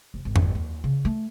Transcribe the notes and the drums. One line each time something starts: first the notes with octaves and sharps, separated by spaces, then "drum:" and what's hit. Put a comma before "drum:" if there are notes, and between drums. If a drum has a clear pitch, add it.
F1
G#1
drum: tom F2
D#2
C#3
A3